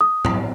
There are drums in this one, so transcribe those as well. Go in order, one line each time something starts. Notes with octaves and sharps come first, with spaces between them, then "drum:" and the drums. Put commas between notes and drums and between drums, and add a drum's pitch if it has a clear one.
D#6
drum: tom